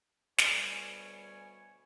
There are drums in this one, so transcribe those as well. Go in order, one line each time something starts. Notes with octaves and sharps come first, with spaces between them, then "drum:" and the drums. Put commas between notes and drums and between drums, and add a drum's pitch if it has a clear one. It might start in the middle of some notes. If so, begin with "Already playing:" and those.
D2 B2 G3 C#5 G#5, drum: snare